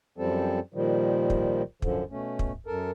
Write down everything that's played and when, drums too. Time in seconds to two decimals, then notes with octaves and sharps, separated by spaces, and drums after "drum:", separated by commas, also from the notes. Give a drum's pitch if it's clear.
0.18 F#2 F3 G3 C4 A4
0.74 A#2 D#3 F3 G3
1.30 drum: kick
1.82 F#2 D3 F3, drum: kick
2.11 B2 A3 C#4
2.39 drum: kick
2.67 F#2 A4 A#4